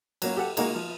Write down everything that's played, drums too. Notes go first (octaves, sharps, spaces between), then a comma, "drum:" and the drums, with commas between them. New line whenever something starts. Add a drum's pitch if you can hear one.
F#3 A#3 C#4, drum: cymbal
G4 A4 F#5
G#3 A#3 D#4 F#4 A#4, drum: cymbal
F3